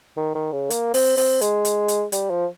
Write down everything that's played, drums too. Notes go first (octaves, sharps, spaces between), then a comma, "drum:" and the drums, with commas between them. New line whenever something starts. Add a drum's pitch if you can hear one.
D#3
D#3
C#3
A#3, drum: hi-hat
C4, drum: open hi-hat
C4, drum: open hi-hat
G#3, drum: hi-hat
drum: hi-hat
drum: hi-hat
G3, drum: hi-hat
F3